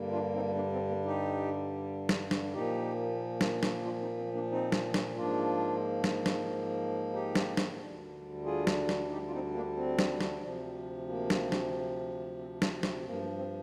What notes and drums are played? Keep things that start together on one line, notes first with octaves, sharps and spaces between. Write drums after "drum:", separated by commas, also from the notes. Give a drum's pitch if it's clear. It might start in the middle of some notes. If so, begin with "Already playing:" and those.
Already playing: G2 D3 G3 A#3
D4 F4
C4 D#4
A#3 D4
C4
A#3
D#4 G4
drum: snare
drum: snare
A#2 F3 A#3 D#4 G4
drum: snare
drum: snare
D4 F4
C4 D#4
C4
A#3 D4
C4 D#4
drum: snare
drum: snare
G#2 F3 A#3 D4 F4
drum: snare
drum: snare
D#4 G4
drum: snare
drum: snare
D2 D3 G3
F4 G#4
drum: snare
drum: snare
D#4 G4
F4
C4 D#4
A#3 D4
C4
drum: snare
drum: snare
D2 C3 F3
A#3
drum: snare
drum: snare
C4
A#3 D4, drum: snare
C4, drum: snare
G2 F3 A#3 C4
A#3
C4